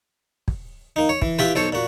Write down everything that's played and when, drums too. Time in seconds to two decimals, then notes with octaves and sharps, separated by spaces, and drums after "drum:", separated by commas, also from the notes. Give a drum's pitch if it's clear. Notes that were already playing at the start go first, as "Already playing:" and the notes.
0.48 drum: kick
0.96 A#3 D#4
1.09 C#5
1.22 E3, drum: kick
1.39 E4 F4 G4 B4, drum: snare
1.55 B1 A4 C5 C#5
1.73 A#2 F#4